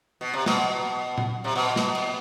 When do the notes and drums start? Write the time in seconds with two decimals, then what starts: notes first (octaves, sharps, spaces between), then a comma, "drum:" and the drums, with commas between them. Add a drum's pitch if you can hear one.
0.21 B2
0.33 C3
0.46 B2, drum: snare
1.18 drum: tom A#2
1.44 C3
1.56 B2
1.76 drum: snare
1.95 drum: cymbal